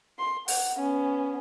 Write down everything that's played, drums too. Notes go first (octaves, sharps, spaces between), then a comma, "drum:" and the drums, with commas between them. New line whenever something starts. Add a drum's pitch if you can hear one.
C6
F#5, drum: open hi-hat
B3 C#4